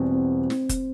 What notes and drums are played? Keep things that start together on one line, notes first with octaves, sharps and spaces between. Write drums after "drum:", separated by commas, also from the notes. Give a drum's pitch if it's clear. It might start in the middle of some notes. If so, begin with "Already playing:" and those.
Already playing: E2 B2 G3 C4
C4
drum: snare
drum: kick F1, hi-hat